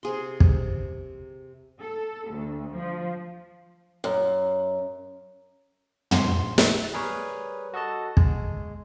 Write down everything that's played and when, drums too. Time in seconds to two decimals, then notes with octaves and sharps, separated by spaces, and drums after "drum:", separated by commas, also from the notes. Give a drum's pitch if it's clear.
0.03 C3 G#4 C6
0.40 drum: kick
1.80 A4
2.30 D2
2.75 F3
4.04 F#2
6.11 A#1 C6, drum: tom
6.58 drum: snare
6.93 G3 G#4 A#4 B4 C#5
7.74 F#4 A4 D#5 A5
8.17 G#3, drum: kick